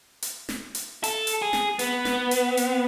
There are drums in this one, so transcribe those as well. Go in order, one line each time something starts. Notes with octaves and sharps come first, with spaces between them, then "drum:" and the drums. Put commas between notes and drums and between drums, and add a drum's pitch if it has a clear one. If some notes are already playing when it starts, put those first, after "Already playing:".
drum: hi-hat
drum: snare
drum: hi-hat
A4, drum: hi-hat
drum: hi-hat
G#4
drum: snare
B3, drum: hi-hat
drum: snare
drum: hi-hat
drum: hi-hat